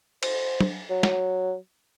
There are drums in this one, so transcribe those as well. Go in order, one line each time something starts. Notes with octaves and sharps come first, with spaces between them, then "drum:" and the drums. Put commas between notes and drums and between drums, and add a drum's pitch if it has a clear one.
C5, drum: cymbal
drum: tom
F#3
drum: snare